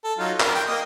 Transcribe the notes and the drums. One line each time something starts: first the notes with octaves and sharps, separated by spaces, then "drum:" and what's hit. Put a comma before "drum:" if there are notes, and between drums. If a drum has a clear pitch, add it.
A4
F#3 D#4 F4
A#4, drum: clap
G5
A#3 D#5